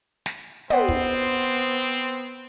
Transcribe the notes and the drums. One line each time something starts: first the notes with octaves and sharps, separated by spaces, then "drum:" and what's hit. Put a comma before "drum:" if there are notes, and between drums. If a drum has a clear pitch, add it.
drum: snare
B3 C4 C5 E5 F#5 G5, drum: tom
drum: kick